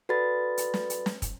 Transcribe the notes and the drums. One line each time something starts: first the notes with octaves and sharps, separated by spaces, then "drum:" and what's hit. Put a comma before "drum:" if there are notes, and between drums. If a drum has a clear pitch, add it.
F#4 A4 B4 D5 B5 A6
drum: hi-hat
drum: snare
drum: hi-hat
drum: snare
drum: kick, hi-hat